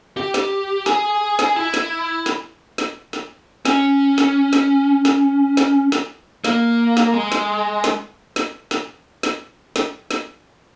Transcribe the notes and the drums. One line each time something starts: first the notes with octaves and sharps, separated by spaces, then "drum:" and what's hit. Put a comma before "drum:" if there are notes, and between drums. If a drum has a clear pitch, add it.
G4
drum: snare
G#4, drum: snare
drum: snare
E4
drum: snare
drum: snare
drum: snare
drum: snare
C#4, drum: snare
drum: snare
drum: snare
drum: snare
drum: snare
drum: snare
A#3, drum: snare
drum: snare
G#3
drum: snare
drum: snare
drum: snare
drum: snare
drum: snare
drum: snare
drum: snare